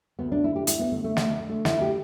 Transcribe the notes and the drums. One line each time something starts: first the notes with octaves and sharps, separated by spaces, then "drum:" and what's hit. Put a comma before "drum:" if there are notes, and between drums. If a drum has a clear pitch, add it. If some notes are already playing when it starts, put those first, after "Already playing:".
D2 B3
D4
D3 E4
G4
D2 E4, drum: hi-hat
B3
D3 A3
A3
D2 A3, drum: snare
D3
A3
D2 E4, drum: snare
G4